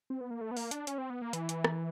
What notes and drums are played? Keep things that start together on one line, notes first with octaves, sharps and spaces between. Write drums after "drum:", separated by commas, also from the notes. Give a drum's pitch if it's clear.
C4
B3
A#3
A3
B3
A#3, drum: open hi-hat
D4, drum: hi-hat
C#4, drum: hi-hat
C4
B3
A#3
E3, drum: hi-hat
drum: hi-hat
drum: rim click